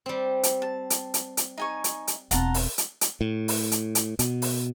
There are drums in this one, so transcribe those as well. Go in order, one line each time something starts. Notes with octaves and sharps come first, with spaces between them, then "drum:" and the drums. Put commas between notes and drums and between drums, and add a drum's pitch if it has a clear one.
G3 C4
drum: hi-hat
A5
drum: hi-hat
drum: hi-hat
drum: hi-hat
D#4 G#5 C#6
drum: hi-hat
drum: hi-hat
E1 C4 F4 F#5 A5 A#5, drum: hi-hat
drum: open hi-hat
drum: hi-hat
drum: hi-hat
A2
drum: open hi-hat
drum: hi-hat
drum: hi-hat
B2, drum: hi-hat
drum: open hi-hat